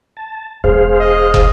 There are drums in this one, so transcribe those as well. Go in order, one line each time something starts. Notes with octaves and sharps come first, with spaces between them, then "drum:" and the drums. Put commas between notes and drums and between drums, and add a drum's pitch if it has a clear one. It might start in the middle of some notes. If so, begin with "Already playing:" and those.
A5
E1 G#4 C5 F5
D#5
drum: kick